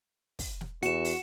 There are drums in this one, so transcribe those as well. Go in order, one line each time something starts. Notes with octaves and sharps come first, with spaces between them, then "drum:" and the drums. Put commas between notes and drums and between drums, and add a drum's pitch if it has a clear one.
drum: kick, open hi-hat
drum: snare
E2 F#4 C#7 E7, drum: hi-hat
drum: open hi-hat